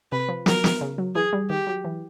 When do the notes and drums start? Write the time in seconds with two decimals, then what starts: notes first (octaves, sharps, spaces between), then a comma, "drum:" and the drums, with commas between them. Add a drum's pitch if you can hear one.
0.12 C3 B4
0.29 F3
0.46 F#3 A#4, drum: snare
0.64 B3, drum: snare
0.81 C#3
0.98 F#3
1.15 E3 G#4
1.33 G3
1.49 D#3 G4
1.67 F#3
1.85 E3